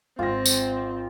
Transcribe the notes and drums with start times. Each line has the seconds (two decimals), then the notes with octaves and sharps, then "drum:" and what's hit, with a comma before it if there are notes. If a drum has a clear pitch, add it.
0.19 G#1 C4 F4 A#6
0.46 drum: tambourine